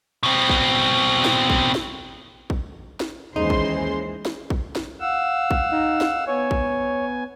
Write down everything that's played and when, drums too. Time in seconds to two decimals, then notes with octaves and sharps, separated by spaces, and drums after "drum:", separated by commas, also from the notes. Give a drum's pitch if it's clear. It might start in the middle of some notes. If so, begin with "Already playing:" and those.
0.23 B2 C4
0.49 drum: kick
1.25 drum: snare
1.50 drum: kick
1.75 drum: snare
2.50 drum: kick
3.00 drum: snare
3.36 D#2 E3 G#3 C#4 D#4 G#4 C5 C6
3.50 drum: kick
4.25 drum: snare
4.50 drum: kick
4.75 drum: snare
5.00 F5 F#5 E6
5.51 drum: kick
5.71 D#4
6.01 drum: snare
6.27 B3 C#5 G#5
6.51 drum: kick